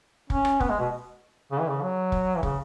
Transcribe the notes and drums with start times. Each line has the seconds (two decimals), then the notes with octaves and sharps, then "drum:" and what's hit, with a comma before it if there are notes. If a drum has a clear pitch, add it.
0.30 C#4, drum: kick
0.45 drum: rim click
0.60 B3, drum: kick
0.70 G#3
0.80 B2
1.52 C#3
1.60 E3
1.68 C#3
1.82 F#3
2.12 drum: kick
2.36 E3
2.43 C#3, drum: kick